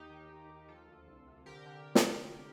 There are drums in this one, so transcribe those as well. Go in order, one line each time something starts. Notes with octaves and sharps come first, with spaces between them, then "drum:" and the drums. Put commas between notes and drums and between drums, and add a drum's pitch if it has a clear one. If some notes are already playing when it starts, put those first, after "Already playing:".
Already playing: D#2 D#4 G4
D#3
D#2
D#2
F3 F4 A4
D2
C2
C3
D3 G4 A#4
D3
drum: snare